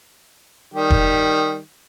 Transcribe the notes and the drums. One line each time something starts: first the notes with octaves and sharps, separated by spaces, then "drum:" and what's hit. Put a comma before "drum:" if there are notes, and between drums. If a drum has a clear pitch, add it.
D#3 G3 G4
drum: kick E1